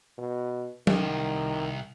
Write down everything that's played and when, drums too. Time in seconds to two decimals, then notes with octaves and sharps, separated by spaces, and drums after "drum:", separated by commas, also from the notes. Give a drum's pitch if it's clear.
0.18 B2
0.87 C2 D#3, drum: tom F#3